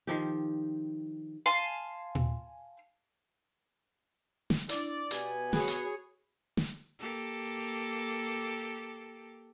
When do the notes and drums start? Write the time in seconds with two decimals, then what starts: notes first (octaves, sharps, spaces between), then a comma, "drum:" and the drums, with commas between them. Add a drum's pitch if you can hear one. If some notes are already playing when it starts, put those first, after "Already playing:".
0.07 D#3 F3 G4
1.46 F5 G#5 A5 C6
2.15 drum: tom A#2
4.50 drum: snare
4.69 D4 E4 D5, drum: hi-hat
5.11 B2 B3 G4 G#5, drum: hi-hat
5.53 F#4 G#4 C#5 B5, drum: snare
5.68 drum: hi-hat
6.57 drum: snare
6.99 A#3 G4 A4